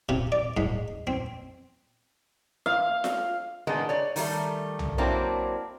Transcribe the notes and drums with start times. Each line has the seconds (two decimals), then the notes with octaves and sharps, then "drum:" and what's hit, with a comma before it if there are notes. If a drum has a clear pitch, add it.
0.09 C3, drum: kick
0.32 D5
0.57 G#2, drum: kick
1.07 C4
2.66 F5
3.04 drum: snare F4
3.67 A#2 D#3 G#3 B3 D4
3.89 C#5 D5
4.16 D#3 G3 A3, drum: open hi-hat
4.79 drum: tom
4.98 F#3 A#3 C4 D4 E4